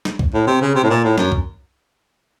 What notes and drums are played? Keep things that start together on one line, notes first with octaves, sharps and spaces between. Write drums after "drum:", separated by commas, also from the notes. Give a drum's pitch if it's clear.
drum: snare
drum: kick C2
A2
C3
C#3
C3
A2
A#2
A2
F#2, drum: snare
drum: kick C2